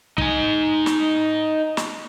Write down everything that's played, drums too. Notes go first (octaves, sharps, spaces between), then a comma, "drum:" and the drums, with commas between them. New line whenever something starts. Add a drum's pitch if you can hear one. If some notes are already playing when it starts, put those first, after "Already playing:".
D#4 G#5, drum: kick
drum: snare
drum: snare